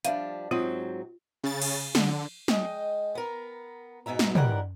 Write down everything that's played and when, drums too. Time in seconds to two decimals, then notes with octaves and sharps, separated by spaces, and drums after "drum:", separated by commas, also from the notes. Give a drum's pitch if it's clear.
0.05 F3 G3 D4 E5 F5, drum: hi-hat
0.51 G#2 F#3 C4 F4
1.43 C#3 A6
1.62 drum: cymbal
1.95 D3, drum: snare
2.48 G#3 D#5 G5, drum: snare
3.15 B3 A#4
4.06 G#2 B2 B3 E5 A#5
4.19 drum: snare
4.35 D#2 E3 G3 A#4 F#5, drum: tom